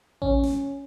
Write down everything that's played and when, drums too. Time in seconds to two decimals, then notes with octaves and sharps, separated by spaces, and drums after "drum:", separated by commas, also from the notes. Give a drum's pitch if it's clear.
0.22 C#4, drum: kick A1
0.44 drum: snare